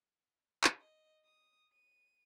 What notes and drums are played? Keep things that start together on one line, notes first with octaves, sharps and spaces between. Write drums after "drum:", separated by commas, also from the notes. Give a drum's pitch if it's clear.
drum: clap
D#5
D#6
D#7